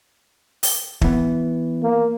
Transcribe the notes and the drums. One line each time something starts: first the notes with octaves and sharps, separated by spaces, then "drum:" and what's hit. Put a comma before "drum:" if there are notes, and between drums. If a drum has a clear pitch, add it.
drum: open hi-hat
E3 B3, drum: kick
A#3